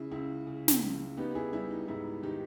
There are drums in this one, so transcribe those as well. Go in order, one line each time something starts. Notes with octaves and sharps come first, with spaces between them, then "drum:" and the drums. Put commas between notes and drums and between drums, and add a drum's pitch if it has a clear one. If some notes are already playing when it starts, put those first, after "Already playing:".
Already playing: C#3 E4
C#2 E4
C#3
drum: snare
C#2
B3 D#4 G4
E4 G#4
G3 E4
D#4
G#2 E4
D#3 D#4 G4